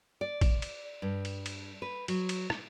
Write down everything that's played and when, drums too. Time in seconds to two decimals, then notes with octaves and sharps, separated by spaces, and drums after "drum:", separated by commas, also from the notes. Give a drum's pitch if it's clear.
0.21 D5
0.41 drum: kick A1, cymbal
0.62 drum: cymbal
1.02 G2
1.25 drum: cymbal
1.46 drum: cymbal
1.82 B4
2.08 F#3, drum: cymbal
2.29 drum: cymbal
2.50 drum: rim click